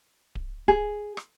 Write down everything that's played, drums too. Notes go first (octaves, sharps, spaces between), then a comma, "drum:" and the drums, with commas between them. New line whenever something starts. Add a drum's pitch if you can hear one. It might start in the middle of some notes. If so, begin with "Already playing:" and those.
drum: kick D1
G#4, drum: kick D1
drum: rim click